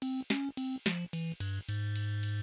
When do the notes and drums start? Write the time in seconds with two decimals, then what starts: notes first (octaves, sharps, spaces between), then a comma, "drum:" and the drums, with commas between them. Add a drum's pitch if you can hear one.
0.02 C4, drum: cymbal
0.30 C#4, drum: snare
0.57 C4, drum: cymbal
0.86 F3, drum: snare
1.13 E3, drum: cymbal
1.40 G2, drum: cymbal
1.69 G#2, drum: cymbal
1.96 drum: cymbal
2.23 drum: cymbal